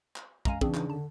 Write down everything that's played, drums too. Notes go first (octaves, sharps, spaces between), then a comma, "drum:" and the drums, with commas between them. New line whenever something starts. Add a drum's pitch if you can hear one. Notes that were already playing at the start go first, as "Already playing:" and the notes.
drum: clap
F#2 G#3 F5 G#5 A#5, drum: kick
C#3 E3 C4 D4 G#4, drum: kick
D#4, drum: clap
D3 A5